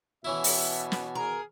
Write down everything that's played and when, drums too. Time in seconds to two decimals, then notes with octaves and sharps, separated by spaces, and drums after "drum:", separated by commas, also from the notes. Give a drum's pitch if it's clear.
0.25 B2 E3 C#4 E4 E5
0.44 drum: open hi-hat
0.92 drum: snare
1.15 G#4 A#4